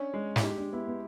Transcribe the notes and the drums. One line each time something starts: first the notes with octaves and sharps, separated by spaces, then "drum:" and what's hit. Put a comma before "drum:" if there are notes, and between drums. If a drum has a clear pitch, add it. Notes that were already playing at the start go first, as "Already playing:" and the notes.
Already playing: C#4 D4
G#3
E4, drum: snare
D#4 G4
D4
B3 E4
B3